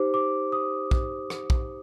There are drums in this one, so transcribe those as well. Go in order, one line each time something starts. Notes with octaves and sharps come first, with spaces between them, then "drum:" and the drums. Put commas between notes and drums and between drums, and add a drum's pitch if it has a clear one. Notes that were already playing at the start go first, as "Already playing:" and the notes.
Already playing: D#4 G4 C5 D6
D6
D#6
drum: kick
drum: rim click
drum: kick